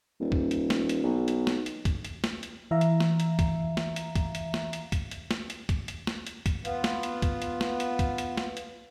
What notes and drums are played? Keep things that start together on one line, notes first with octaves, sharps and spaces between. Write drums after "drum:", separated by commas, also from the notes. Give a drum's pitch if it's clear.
D#1
drum: kick
drum: hi-hat
drum: snare
drum: hi-hat
B1
drum: hi-hat
drum: snare
drum: hi-hat
drum: kick, hi-hat
drum: hi-hat
drum: snare
drum: hi-hat
E3 E5 F5 A#5
drum: hi-hat
drum: snare
drum: hi-hat
drum: kick, hi-hat
drum: snare
drum: hi-hat
drum: kick, hi-hat
drum: hi-hat
drum: snare
drum: hi-hat
drum: kick, hi-hat
drum: hi-hat
drum: snare
drum: hi-hat
drum: kick, hi-hat
drum: hi-hat
drum: snare
drum: hi-hat
drum: kick, hi-hat
B3 F4, drum: hi-hat
drum: snare
drum: hi-hat
drum: kick, hi-hat
drum: hi-hat
drum: snare
drum: hi-hat
drum: kick, hi-hat
drum: hi-hat
drum: snare
drum: hi-hat